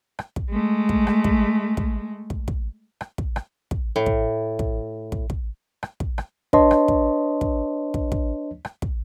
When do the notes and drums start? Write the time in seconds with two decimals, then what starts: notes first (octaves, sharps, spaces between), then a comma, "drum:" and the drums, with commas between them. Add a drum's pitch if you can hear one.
0.19 drum: rim click
0.36 drum: kick
0.51 G#3 A3
0.89 drum: kick
1.07 drum: rim click
1.24 drum: kick
1.77 drum: kick
2.30 drum: kick
2.48 drum: kick
3.01 drum: rim click
3.18 drum: kick
3.36 drum: rim click
3.71 drum: kick
3.96 A2
4.06 drum: kick
4.59 drum: kick
5.12 drum: kick
5.30 drum: kick
5.83 drum: rim click
6.00 drum: kick
6.18 drum: rim click
6.53 D4 B4 C#5 D#5 A5 C6, drum: kick
6.71 drum: rim click
6.88 drum: kick
7.41 drum: kick
7.94 drum: kick
8.12 drum: kick
8.65 drum: rim click
8.82 drum: kick